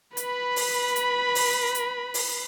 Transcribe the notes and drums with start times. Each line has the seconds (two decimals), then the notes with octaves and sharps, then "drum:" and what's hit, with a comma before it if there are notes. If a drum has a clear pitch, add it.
0.17 B4 B5, drum: hi-hat
0.56 drum: open hi-hat
0.96 drum: hi-hat
1.35 drum: open hi-hat
1.75 drum: hi-hat
2.14 drum: open hi-hat